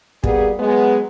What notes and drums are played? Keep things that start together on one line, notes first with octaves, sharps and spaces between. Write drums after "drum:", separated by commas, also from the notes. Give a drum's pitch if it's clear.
G3 A#3 B3 F#4 G#4, drum: kick
F#3 G#3 B3